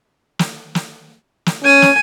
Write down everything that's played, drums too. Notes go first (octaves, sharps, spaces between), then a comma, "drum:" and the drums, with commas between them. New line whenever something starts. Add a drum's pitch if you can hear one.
drum: snare
drum: snare
drum: snare
C#4 G#5
drum: snare